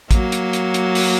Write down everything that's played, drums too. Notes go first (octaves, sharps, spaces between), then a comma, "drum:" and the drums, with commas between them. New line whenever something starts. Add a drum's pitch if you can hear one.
F#3 A#3, drum: kick, hi-hat
drum: hi-hat
drum: hi-hat
drum: hi-hat
drum: open hi-hat